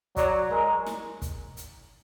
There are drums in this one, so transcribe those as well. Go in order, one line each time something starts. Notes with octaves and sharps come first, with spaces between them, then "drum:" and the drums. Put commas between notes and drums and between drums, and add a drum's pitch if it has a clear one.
F#3 D5, drum: kick, hi-hat
G#3 A#4
drum: snare
drum: kick, hi-hat
drum: hi-hat